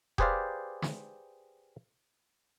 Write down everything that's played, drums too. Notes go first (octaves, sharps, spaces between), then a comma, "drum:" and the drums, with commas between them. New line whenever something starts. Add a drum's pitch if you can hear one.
G4 G#4 B4 C5 D5 F5, drum: kick E1
drum: snare